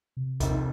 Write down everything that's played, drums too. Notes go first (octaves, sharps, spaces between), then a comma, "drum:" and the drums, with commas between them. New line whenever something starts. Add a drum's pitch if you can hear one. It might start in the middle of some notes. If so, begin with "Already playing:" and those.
C3
F1 F2 D#3, drum: kick, hi-hat